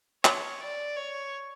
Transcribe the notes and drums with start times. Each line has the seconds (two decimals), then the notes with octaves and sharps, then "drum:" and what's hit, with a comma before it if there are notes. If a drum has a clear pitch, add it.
0.25 C#5, drum: clap
0.61 D5
0.96 C#5